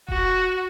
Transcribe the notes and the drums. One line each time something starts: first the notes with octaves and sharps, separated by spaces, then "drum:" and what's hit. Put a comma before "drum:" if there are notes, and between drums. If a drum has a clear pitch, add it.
F#4, drum: kick E1